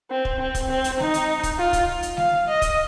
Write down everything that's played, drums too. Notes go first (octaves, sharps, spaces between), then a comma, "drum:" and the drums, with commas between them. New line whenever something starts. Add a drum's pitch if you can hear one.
C4
drum: kick
C4
drum: kick, hi-hat
C4
drum: hi-hat
D#4, drum: snare G#3
drum: hi-hat
drum: kick, hi-hat
F4
drum: kick, hi-hat
drum: hi-hat
F5, drum: snare G#3
D#5
drum: kick, hi-hat